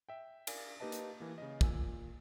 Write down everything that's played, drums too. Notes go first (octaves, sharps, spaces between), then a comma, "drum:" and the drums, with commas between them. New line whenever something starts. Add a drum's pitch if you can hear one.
E5 G5
A#4 D5 F5 G#5, drum: cymbal
A#3 D#4 G4 B4 D#5 A5
drum: hi-hat
E3 A#3
C#3 D#5
A#2 G#5 E6, drum: kick